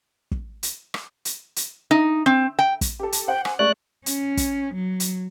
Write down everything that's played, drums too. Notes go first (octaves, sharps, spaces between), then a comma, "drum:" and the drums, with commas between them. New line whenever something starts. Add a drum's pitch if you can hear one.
drum: kick
drum: hi-hat
drum: rim click
drum: hi-hat
drum: hi-hat
D#4
C4
G5
drum: kick, hi-hat
G4 A4
drum: hi-hat
C5 F#5 G5
G#5, drum: rim click
G#3 A3 G#4 D5 C#6 F#6
C#4, drum: hi-hat
drum: kick, hi-hat
F#3
drum: hi-hat